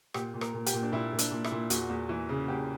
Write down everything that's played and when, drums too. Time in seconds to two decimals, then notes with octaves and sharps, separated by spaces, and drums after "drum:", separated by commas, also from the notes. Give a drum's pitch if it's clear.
0.14 A#2 G4, drum: rim click
0.34 A#2
0.41 A#4, drum: rim click
0.54 A#2
0.66 G4, drum: hi-hat
0.73 A#2
0.83 D4
0.92 A#2 E4
1.13 A#2
1.18 D4, drum: hi-hat
1.31 A#2
1.44 E4, drum: rim click
1.51 A#2
1.70 E2 F#4, drum: hi-hat
1.89 E2
2.09 E3
2.29 C#3
2.48 E2 G4